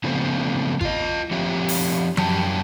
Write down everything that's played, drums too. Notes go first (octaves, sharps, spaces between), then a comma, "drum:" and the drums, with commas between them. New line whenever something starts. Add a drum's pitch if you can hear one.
C#3 F3 A3 B3 C4
F4 D#5, drum: kick G#1
F3 C4 G4 C#5 E5
drum: open hi-hat
F#2 F#3 G3 C#4 G4 A5, drum: tom F3